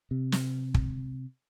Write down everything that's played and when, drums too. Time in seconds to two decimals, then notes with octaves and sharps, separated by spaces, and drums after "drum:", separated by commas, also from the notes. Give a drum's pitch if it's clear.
0.11 C3
0.32 drum: snare
0.74 drum: kick